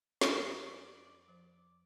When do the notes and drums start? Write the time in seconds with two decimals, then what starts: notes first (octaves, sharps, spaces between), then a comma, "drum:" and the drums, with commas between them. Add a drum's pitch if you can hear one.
0.21 F2 D5 D6, drum: snare
1.28 F3 C5